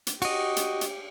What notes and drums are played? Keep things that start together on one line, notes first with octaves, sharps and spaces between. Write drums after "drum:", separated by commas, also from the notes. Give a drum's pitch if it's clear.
drum: hi-hat
F#4 G4 D#5, drum: cymbal
drum: hi-hat
drum: hi-hat